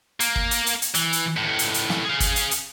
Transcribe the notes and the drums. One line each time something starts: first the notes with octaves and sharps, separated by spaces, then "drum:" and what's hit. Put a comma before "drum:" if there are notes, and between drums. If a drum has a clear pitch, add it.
A#3, drum: hi-hat
drum: kick
drum: hi-hat
drum: hi-hat
drum: hi-hat
E3, drum: hi-hat
drum: hi-hat
C#2 A2
drum: hi-hat
drum: hi-hat
drum: snare
G#4 F5
drum: kick, hi-hat
drum: hi-hat
drum: hi-hat